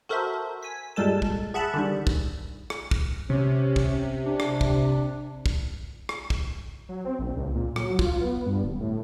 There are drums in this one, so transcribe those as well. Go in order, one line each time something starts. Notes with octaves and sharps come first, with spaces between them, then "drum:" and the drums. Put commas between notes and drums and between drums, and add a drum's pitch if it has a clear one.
F#4 A4 A#4 C5 E5
G#5 B6
G2 A#2 G3 G#3 A4 A5
drum: kick
G#4 E5 F#5 A5 B5
D3 D#3 G3
drum: kick
drum: rim click
drum: kick
C3 C#4
drum: kick
D4
drum: rim click
drum: kick
drum: kick
drum: rim click
drum: kick
F#3
C4
A#1
C#2
A#2
F#3, drum: rim click
F4, drum: kick
B3
G2
D1
A2